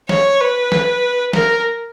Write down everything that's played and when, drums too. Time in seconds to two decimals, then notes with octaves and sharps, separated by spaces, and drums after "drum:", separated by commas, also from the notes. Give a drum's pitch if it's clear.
0.09 C#5, drum: snare
0.40 B4
0.72 drum: snare
1.33 A#4, drum: snare